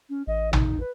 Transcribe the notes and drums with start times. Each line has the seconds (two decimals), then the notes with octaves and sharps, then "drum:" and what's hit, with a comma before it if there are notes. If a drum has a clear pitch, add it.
0.10 C#4
0.27 A1 D#5
0.53 D#4, drum: tom
0.80 B4